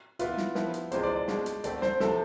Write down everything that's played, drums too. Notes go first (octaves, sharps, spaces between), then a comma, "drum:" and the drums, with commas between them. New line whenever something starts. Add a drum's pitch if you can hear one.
E3 B3 E4 F4, drum: hi-hat
drum: snare
F3 B3 E4, drum: snare
drum: hi-hat
C3 E3 G#3 D4 F4 C5, drum: hi-hat
D5
D5
B2 G#3 D4 F4, drum: snare
drum: hi-hat
D3 A3 C4 D5, drum: hi-hat
C5, drum: snare
C3 F3 B3 E4 A4, drum: snare